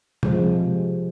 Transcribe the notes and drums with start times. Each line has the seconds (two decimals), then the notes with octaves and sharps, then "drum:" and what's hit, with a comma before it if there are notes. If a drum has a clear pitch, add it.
0.23 C3 F3 G#3, drum: tom